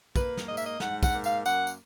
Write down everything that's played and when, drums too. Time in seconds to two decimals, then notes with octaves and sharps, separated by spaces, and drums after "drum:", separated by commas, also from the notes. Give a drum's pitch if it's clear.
0.16 A#3 B4, drum: kick, tambourine
0.37 drum: snare
0.48 G#2 D#5
0.57 E5, drum: tambourine
0.65 D#5
0.80 G#2 F#5, drum: snare
1.03 F#5, drum: kick, tambourine
1.12 A#3
1.24 F5, drum: tambourine
1.46 F#2 F#5, drum: tambourine
1.67 drum: tambourine